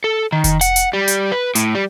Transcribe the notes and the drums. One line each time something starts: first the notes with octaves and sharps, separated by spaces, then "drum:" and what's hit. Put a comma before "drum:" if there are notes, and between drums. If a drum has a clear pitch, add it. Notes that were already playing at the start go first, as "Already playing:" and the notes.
A4
D#3
drum: kick F1, hi-hat
F#5, drum: hi-hat
drum: hi-hat
G3
drum: hi-hat
B4
A2, drum: hi-hat
G3